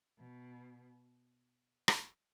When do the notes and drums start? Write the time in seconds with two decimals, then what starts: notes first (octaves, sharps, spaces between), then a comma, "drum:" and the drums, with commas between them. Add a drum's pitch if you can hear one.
0.18 B2
1.88 drum: rim click